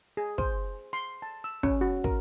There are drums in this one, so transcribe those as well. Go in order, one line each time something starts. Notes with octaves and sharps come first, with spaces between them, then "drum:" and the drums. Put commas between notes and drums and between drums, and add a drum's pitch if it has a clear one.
G#4
C5, drum: kick
C6
A5
E6
C#4, drum: kick
F#4
A#4, drum: kick